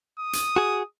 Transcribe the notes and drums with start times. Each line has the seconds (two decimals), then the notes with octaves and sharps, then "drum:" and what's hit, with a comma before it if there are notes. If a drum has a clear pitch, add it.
0.19 D#6
0.33 drum: hi-hat
0.56 F#4 G#4